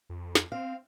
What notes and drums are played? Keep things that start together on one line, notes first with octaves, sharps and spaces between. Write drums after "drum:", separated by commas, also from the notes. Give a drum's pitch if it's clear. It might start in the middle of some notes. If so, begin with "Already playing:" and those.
F2
drum: snare
C4 F5